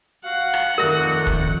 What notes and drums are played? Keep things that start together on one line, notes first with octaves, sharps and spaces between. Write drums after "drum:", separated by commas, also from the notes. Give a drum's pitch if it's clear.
F#4 F5 F#5
drum: rim click
F2 D#3 A3 A#4 D5 E5 G6
drum: kick